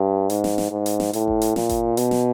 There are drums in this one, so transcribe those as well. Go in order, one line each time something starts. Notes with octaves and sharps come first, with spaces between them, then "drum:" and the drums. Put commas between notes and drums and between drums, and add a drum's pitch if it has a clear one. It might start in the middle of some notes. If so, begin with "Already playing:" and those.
Already playing: G2
G#2, drum: hi-hat
drum: snare
drum: snare
G#2
drum: hi-hat
drum: snare
A2, drum: hi-hat
drum: kick G1
drum: hi-hat
A#2, drum: snare
drum: kick G1, hi-hat
B2, drum: hi-hat
drum: snare